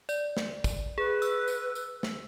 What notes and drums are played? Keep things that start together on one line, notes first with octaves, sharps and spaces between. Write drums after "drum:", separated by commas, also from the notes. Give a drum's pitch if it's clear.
D5, drum: tambourine
drum: snare
drum: kick, tambourine
G#4 B4
E6, drum: tambourine
drum: tambourine
drum: tambourine
drum: snare